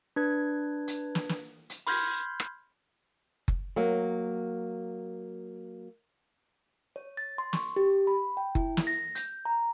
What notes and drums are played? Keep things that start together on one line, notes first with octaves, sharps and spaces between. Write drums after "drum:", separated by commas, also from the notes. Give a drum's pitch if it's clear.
D4 B4 G#6
drum: hi-hat
drum: snare
drum: snare
drum: hi-hat
B5 C6 F6 G6 G#6, drum: open hi-hat
drum: rim click
drum: kick F#1
F#3 A#3
C#5
A6
C6
C#6, drum: snare
G4
B5
G5
E4, drum: kick F#1
drum: snare
A#6
G6, drum: hi-hat
A#5